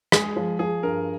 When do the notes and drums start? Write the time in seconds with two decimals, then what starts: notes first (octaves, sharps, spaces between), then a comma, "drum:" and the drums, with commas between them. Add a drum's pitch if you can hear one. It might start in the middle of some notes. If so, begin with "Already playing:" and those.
0.12 G#3 G#4, drum: rim click
0.36 F3
0.59 F3 G#4
0.83 G2 A#4